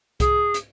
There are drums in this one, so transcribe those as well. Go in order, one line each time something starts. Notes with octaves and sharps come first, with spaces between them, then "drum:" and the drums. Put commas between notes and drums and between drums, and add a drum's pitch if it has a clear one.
G#4, drum: kick C2, hi-hat
drum: hi-hat